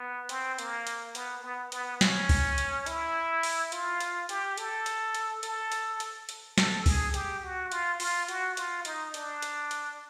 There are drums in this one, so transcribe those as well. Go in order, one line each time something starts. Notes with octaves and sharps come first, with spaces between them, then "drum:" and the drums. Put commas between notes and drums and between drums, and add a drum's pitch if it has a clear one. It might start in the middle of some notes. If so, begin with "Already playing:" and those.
Already playing: B3
C4, drum: hi-hat
A#3, drum: hi-hat
drum: hi-hat
B3, drum: hi-hat
B3
B3, drum: hi-hat
C#4, drum: snare
drum: kick C2, open hi-hat
drum: hi-hat
E4, drum: hi-hat
drum: open hi-hat
F4, drum: hi-hat
drum: hi-hat
G4, drum: hi-hat
A4, drum: hi-hat
drum: hi-hat
drum: hi-hat
A4, drum: hi-hat
drum: hi-hat
drum: hi-hat
drum: hi-hat
A4, drum: snare
G#4, drum: kick C2, open hi-hat
G4, drum: hi-hat
F#4
F4, drum: hi-hat
F4, drum: open hi-hat
F#4, drum: hi-hat
F4, drum: hi-hat
D#4, drum: hi-hat
D4, drum: hi-hat
drum: hi-hat
drum: hi-hat